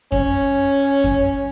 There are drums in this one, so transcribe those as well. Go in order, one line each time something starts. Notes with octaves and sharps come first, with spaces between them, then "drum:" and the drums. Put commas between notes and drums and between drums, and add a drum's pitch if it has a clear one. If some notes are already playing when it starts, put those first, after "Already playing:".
C#4, drum: kick F2
drum: kick F2